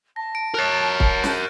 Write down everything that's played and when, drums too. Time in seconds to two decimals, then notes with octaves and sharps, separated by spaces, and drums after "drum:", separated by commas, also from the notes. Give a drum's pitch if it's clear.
0.16 A5 A#6
0.35 D7
0.55 A#4 C#5 F6 F#6 A6
0.73 E7
1.00 drum: kick
1.24 G6, drum: snare